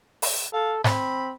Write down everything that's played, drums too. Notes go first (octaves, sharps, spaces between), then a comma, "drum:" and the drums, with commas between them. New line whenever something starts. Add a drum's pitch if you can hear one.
drum: open hi-hat
A4 F5
C4 B5, drum: snare G#2